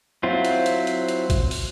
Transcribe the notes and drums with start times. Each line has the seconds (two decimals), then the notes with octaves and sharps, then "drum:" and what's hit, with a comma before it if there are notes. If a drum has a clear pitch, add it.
0.23 F#3 C4 E4 F4
0.45 drum: hi-hat
0.66 drum: hi-hat
0.87 drum: hi-hat
1.08 drum: hi-hat
1.30 drum: kick A#1, hi-hat
1.51 drum: open hi-hat